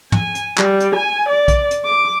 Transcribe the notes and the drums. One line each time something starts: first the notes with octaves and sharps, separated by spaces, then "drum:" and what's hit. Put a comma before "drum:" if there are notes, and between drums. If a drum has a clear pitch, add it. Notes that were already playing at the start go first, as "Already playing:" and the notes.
G#5, drum: tom
drum: hi-hat
G3, drum: clap
drum: hi-hat
G#5
D5
drum: kick, hi-hat
drum: hi-hat
D6